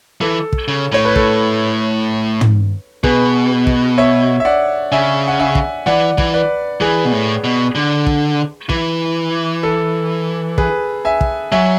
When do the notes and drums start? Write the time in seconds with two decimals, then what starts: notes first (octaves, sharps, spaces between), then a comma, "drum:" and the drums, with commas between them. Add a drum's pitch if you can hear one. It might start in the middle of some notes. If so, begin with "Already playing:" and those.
0.21 E3 A4
0.53 drum: kick
0.68 C#3
0.92 A2 C#5
1.05 B4
1.16 A4, drum: kick
2.41 drum: tom
3.04 B2 G#4 B4, drum: kick
3.67 drum: kick
3.98 C#5 E5
4.40 E5
4.45 D5 F#5
4.92 C#3 E5 G#5
5.28 F#5
5.39 E5 G#5
5.55 drum: kick
5.86 E3 D5 F#5
6.18 E3, drum: kick
6.34 B4 D5
6.81 E3 G#4 B4
7.05 B2
7.12 A2
7.44 B2
7.75 D3
8.06 drum: kick
8.69 E3, drum: kick
9.63 A4
10.58 G#4 B4, drum: kick
11.05 E5 G#5
11.21 drum: kick
11.52 F#3 E5 G#5